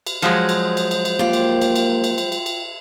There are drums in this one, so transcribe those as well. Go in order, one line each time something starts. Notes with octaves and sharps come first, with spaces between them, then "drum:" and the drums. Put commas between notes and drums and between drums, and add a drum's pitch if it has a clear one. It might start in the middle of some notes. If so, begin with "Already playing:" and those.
drum: cymbal
F3 F#3 G#3 C5, drum: cymbal
drum: cymbal
drum: cymbal
drum: cymbal
drum: cymbal
A#3 F4 G4
drum: cymbal
drum: cymbal
drum: cymbal
drum: cymbal
drum: cymbal
drum: cymbal
drum: cymbal